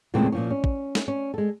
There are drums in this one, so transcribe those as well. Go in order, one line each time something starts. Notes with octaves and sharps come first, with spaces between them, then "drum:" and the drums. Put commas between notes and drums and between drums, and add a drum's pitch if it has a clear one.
E2 A#2 C#3 G#3 A3 C4
A#2 F3 C#4
C#4
drum: kick
drum: snare
C#4
G#3 A4